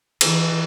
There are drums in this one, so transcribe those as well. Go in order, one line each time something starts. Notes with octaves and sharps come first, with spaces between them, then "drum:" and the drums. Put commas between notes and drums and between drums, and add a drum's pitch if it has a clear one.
E3, drum: cymbal